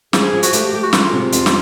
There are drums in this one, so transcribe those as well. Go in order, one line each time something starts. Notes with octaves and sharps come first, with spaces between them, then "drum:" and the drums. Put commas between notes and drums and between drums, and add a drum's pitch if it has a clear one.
F3 G#4, drum: snare
F3
F#4, drum: hi-hat
A3 G4, drum: hi-hat
A3 G4
F#4
G#3 F4, drum: snare
C3 F4
F2, drum: hi-hat
drum: snare